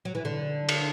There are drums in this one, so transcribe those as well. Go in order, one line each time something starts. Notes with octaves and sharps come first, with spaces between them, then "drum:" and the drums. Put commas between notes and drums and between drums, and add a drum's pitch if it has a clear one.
F#3
E3
D3
drum: cymbal